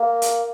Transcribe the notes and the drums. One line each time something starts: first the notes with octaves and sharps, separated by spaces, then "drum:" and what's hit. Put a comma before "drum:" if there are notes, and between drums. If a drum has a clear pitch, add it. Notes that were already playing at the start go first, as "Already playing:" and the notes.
Already playing: A#3
drum: hi-hat